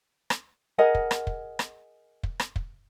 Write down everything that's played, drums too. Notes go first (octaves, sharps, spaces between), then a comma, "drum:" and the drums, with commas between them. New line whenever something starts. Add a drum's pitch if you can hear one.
drum: rim click
G#4 A#4 D#5 F#5
drum: kick
drum: rim click
drum: kick
drum: rim click
drum: kick
drum: rim click
drum: kick